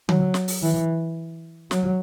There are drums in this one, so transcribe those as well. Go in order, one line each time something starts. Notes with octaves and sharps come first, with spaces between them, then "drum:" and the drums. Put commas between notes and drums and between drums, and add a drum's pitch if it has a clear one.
F#3, drum: tom D3
drum: snare
drum: open hi-hat
E3
F#3, drum: snare